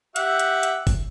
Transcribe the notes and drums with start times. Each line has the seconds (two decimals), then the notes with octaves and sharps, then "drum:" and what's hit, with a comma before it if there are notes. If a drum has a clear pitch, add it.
0.16 G4 E5 F#5, drum: hi-hat
0.39 drum: hi-hat
0.63 drum: hi-hat
0.87 drum: kick G1, open hi-hat